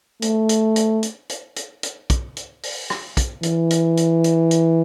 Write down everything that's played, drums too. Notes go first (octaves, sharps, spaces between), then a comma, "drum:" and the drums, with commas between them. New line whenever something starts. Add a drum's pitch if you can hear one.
A3, drum: hi-hat
drum: hi-hat
drum: hi-hat
drum: hi-hat
drum: hi-hat
drum: hi-hat
drum: hi-hat
drum: kick, hi-hat
drum: hi-hat
drum: open hi-hat
drum: rim click
drum: kick, hi-hat
E3, drum: hi-hat
drum: hi-hat
drum: hi-hat
drum: hi-hat
drum: hi-hat